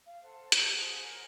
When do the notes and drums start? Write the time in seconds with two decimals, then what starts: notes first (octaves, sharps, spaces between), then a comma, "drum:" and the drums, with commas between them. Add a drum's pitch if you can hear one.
0.05 F5
0.22 A4 C5 F#5 A5
0.52 drum: hi-hat
0.73 G#4 C5 F#5
1.01 A#4 C#5 F#5 G#5